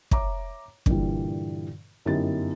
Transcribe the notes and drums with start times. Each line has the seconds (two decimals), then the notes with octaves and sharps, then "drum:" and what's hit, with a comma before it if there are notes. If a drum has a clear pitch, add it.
0.11 C#5 E5 A#5 D6, drum: kick
0.86 G2 A#2 D3 E3 G3, drum: kick
2.05 G1 F#2 D#4 E4 G4 A6